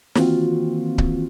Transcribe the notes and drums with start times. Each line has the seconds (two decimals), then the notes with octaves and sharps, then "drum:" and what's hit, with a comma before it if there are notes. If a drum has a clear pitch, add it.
0.15 D#3 E3 A#3 C4 F4 F#4, drum: snare
0.98 drum: kick C#1